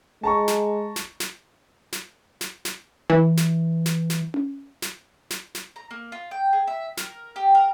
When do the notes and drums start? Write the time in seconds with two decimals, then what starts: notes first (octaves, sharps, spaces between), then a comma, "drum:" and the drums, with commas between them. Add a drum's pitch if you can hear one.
0.23 G#3 A5 A#5 C#6
0.48 drum: snare
0.96 drum: snare
1.20 drum: snare
1.92 drum: snare
2.41 drum: snare
2.65 drum: snare
3.10 E3
3.37 drum: snare
3.86 drum: snare
4.10 drum: snare
4.34 drum: tom C#4
4.82 drum: snare
5.30 drum: snare
5.55 drum: snare
5.76 A#5
5.91 A#3
6.12 F4
6.31 G5
6.53 G#4
6.67 E5
6.97 A#4, drum: snare
7.36 G4
7.55 A#4